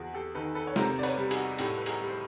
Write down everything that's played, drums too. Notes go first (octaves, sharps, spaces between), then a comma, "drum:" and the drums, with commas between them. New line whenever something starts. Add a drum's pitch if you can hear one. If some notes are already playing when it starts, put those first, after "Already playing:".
Already playing: E2 F#4 G#4
G4 A4
D#3 A4 B4
A4 B4
C#5
C3 A#4 C5, drum: snare
D5
B4 C#5, drum: cymbal
G3
F#4 G#4, drum: cymbal
A2 G4 A4, drum: cymbal
B4
G#4 A#4, drum: cymbal
G3
C5